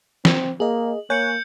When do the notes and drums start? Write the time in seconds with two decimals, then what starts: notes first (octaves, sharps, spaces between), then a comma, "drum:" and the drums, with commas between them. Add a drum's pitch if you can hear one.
0.25 C4, drum: snare
0.60 A#3 G#4 D#5 F#7
1.10 A#3 C#5 G#5 F#6 G6 C#7 F#7